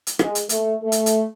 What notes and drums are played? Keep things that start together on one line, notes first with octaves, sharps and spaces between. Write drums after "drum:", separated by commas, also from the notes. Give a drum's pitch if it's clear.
drum: hi-hat
G#3, drum: rim click
drum: hi-hat
A3, drum: hi-hat
A3
drum: hi-hat
drum: hi-hat